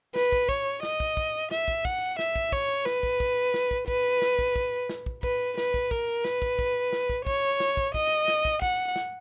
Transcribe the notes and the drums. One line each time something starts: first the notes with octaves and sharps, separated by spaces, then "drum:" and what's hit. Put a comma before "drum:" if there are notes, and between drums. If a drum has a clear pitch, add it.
B4, drum: snare
drum: kick
C#5, drum: kick
D#5, drum: snare
drum: kick
drum: kick
E5, drum: snare
drum: kick
F#5, drum: kick
E5, drum: snare
drum: kick
C#5, drum: kick
B4, drum: snare
drum: kick
drum: kick
drum: snare
drum: kick
B4, drum: kick
drum: snare
drum: kick
drum: kick
drum: snare
drum: kick
B4, drum: kick
B4, drum: snare
drum: kick
A#4, drum: kick
B4, drum: snare
drum: kick
drum: kick
drum: snare
drum: kick
C#5, drum: kick
drum: snare
drum: kick
D#5, drum: kick
drum: snare
drum: kick
F#5, drum: kick
drum: snare